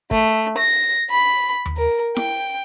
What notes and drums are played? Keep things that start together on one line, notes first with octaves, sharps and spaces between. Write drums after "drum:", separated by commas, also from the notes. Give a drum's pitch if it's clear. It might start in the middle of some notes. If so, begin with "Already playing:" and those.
A3, drum: kick
A#6
B5
drum: tom D#2
A#4
G5, drum: snare E4